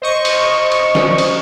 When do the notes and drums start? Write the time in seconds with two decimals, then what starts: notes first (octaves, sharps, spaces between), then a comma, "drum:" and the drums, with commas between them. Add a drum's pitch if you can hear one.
0.02 C5 D#5 C#6
0.25 drum: cymbal
0.72 drum: cymbal
0.95 drum: snare
1.18 drum: cymbal